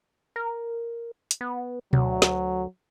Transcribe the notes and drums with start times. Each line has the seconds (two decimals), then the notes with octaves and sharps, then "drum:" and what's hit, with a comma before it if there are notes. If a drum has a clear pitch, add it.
0.36 A#4
1.31 drum: hi-hat
1.41 B3
1.93 D2 F#3, drum: tom B2
2.22 drum: snare